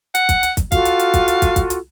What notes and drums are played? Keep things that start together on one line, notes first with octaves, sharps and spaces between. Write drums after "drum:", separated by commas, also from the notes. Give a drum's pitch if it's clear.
F#5, drum: hi-hat
drum: kick, hi-hat
drum: hi-hat
drum: kick, hi-hat
F4 F#4 A4 F5, drum: kick, hi-hat
drum: hi-hat
drum: hi-hat
drum: kick, hi-hat
drum: hi-hat
drum: kick, hi-hat
drum: kick, hi-hat
drum: hi-hat